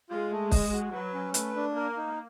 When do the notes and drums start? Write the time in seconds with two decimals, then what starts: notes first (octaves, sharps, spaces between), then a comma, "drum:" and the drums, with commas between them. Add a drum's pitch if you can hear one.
0.10 G#3 F4
0.32 A3
0.51 D#5, drum: kick, open hi-hat
0.72 F#4
0.93 F#3 B4
1.13 C#4
1.34 A3 B4, drum: hi-hat
1.55 D4
1.76 A#3 A#4
1.97 D#4